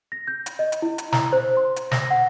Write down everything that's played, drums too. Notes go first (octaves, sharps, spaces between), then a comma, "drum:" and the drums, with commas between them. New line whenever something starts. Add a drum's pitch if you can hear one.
A#6
G6
drum: hi-hat
D#5
drum: hi-hat
E4
drum: hi-hat
A#5, drum: snare
C5
C6
drum: hi-hat
A#6, drum: snare
F#5